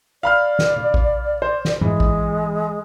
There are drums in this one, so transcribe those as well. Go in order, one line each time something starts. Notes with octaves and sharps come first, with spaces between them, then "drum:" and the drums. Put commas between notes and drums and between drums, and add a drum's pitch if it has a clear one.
D5 F5 B5 F6
drum: snare
drum: tom C3
drum: kick A1
C5
drum: snare
E3 G#3, drum: tom G#2
drum: kick A1